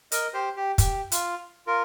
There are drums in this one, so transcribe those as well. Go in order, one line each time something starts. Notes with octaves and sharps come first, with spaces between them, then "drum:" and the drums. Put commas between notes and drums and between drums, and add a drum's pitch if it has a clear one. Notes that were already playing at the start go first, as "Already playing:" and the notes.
A#4 D#5, drum: hi-hat
G4 C5
G4
G4, drum: kick, hi-hat
F4, drum: hi-hat
F4 A#4